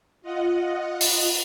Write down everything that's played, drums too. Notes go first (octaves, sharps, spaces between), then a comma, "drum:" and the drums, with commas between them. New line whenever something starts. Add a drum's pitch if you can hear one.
F4 D#5 F#5
drum: open hi-hat